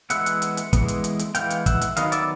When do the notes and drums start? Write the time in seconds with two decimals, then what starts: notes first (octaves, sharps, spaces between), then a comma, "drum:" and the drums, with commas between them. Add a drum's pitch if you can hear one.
0.10 E3 G#3 B3 E5 F#5, drum: hi-hat
0.26 drum: hi-hat
0.42 drum: hi-hat
0.57 drum: hi-hat
0.73 E3 G#3 B3, drum: kick, hi-hat
0.88 drum: hi-hat
1.04 drum: hi-hat
1.19 drum: hi-hat
1.35 E3 G#3 B3 F5 G5, drum: hi-hat
1.50 drum: hi-hat
1.66 E5 F#5, drum: kick, hi-hat
1.81 drum: hi-hat
1.97 D#3 F#3 B3 D#5 F5, drum: hi-hat
2.12 D5 E5, drum: hi-hat